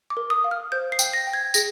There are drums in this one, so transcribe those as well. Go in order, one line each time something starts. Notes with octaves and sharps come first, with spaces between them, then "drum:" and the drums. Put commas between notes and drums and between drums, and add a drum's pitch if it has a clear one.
D6
A#4
D#6
F5
F6
C5 G6
C7
G5, drum: tambourine
A#6
G5
G#6
G#4 A#6, drum: tambourine